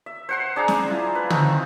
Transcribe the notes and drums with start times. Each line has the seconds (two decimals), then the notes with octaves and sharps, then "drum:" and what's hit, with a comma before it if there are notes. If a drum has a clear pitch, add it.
0.06 E5
0.29 C5 F#5 C6
0.56 D4 G#4 G5 A#5
0.68 drum: snare
0.88 E4 F4
1.15 B4
1.30 A3 C4 D#4 F4, drum: tom